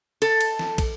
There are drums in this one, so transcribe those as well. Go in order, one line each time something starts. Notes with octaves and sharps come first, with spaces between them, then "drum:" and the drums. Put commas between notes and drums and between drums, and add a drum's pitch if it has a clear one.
A4, drum: cymbal
drum: cymbal
drum: snare E3
drum: kick, cymbal